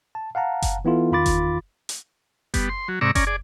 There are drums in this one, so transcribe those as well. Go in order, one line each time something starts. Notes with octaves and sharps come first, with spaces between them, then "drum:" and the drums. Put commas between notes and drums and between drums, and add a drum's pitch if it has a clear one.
A5
F5 F#5 A5 A#5
drum: kick F#1, hi-hat
E3 B3 E4 F4 A4
E2 D#3 F4 B5 D6 A6
drum: kick F#1, hi-hat
drum: hi-hat
G3 B3, drum: kick F#1, hi-hat
C6
F#3
G#2 C3 D5 A#5 C#6 E6
C#4 D5 G#5 A#5, drum: kick F#1, hi-hat
G#4 D5